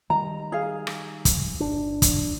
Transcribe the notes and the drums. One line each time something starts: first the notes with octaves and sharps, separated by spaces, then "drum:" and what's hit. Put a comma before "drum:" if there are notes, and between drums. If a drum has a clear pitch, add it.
D#3 G3 A#5
G#4 F5
drum: rim click
drum: kick, hi-hat
G1 D4
drum: kick, hi-hat